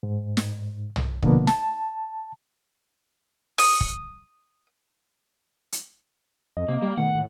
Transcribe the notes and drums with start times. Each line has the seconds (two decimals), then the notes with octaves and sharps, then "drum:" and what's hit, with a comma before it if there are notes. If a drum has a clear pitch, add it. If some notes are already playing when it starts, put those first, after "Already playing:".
0.03 G#2
0.37 drum: snare
0.96 drum: tom
1.22 B2 D3 F3 A#3 B3, drum: kick
1.47 A5, drum: snare
3.58 D#6, drum: open hi-hat
3.81 drum: kick
5.72 drum: hi-hat
6.57 F2 D#5
6.68 C3 A#3
6.82 G3 A#3
6.98 B2 D#3 A3 F#5
7.15 A2